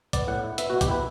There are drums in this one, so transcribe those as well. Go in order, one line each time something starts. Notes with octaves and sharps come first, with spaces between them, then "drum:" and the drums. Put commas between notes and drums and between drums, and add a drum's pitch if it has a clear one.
B3 D5, drum: kick, hi-hat
A2 F#5
E4
B3 E5, drum: hi-hat
F#4
B2
G4, drum: kick, hi-hat
E4 B4